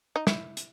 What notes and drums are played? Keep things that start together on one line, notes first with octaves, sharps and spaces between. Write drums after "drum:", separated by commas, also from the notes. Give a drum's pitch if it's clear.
D#4
E4, drum: snare
drum: hi-hat